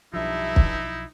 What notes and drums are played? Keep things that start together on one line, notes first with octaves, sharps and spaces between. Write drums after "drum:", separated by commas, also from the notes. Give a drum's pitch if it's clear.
B1 G2 F3 D#4 E4 E5
drum: kick